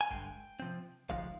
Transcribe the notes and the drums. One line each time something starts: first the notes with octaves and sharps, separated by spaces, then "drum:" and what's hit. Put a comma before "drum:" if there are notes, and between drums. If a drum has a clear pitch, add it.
G#5
G2 D3 G#3 G5, drum: kick C#1
C3 F3 C4
D2 C3 F3 G#3 D#4 F5, drum: kick C#1